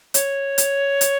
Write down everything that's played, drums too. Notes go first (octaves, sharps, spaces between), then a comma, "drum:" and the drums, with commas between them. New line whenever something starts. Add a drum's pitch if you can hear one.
C#5, drum: hi-hat
drum: hi-hat
drum: hi-hat